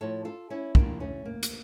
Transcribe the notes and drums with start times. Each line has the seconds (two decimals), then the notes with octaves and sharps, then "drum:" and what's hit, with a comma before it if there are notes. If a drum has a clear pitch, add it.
0.01 A2 F3 A4 C#5
0.25 F4 A4
0.50 C#4 E4
0.75 A2 F3 A#3 D4, drum: kick
1.00 A3 C#4
1.25 A#3
1.43 drum: hi-hat